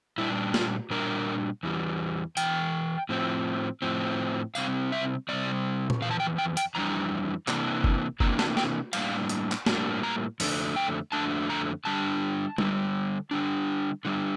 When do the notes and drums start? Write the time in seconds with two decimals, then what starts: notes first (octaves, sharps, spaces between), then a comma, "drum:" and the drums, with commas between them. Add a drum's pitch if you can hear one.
0.18 A#2 G3 D4 E4
0.54 F4, drum: snare
0.90 A#2 G3 D4 A#4
1.63 E2 E3 G3
2.37 E2 E3 G5, drum: hi-hat
3.09 A2 F3 C4
3.82 A2 F3 C4
4.55 C3 G3 C4 F5, drum: tambourine
4.92 E5
5.29 C3 G3 C4 D5
5.90 drum: tom A#2
6.02 F2 E3 F5
6.11 A5
6.20 G5
6.38 G5
6.57 G5, drum: hi-hat
6.75 F2 E3 G3 D4 A#5
7.48 C3 E3 A#3 D4, drum: clap
7.84 drum: kick
8.20 C3 E3 A#3 D4 A#5, drum: kick
8.39 A5, drum: snare
8.57 G5, drum: snare
8.93 A2 G3 A#3 D4 F5, drum: cymbal
9.29 drum: hi-hat
9.52 drum: clap
9.66 A2 G3 A#3 D4 A5, drum: snare
10.03 A#5
10.40 F2 D3 A3 D4, drum: open hi-hat
10.76 G5
11.12 F2 D3 A3 D4 A5
11.50 A#5
11.85 D3 G3 D4 A5
12.58 D3 G3 D4, drum: tom G3
13.31 D3 G3 D4
14.05 D3 G3 D4